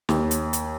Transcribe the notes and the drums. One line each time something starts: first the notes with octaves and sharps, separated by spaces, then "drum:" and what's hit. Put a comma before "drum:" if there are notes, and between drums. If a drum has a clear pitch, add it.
D#2, drum: snare
drum: hi-hat
drum: hi-hat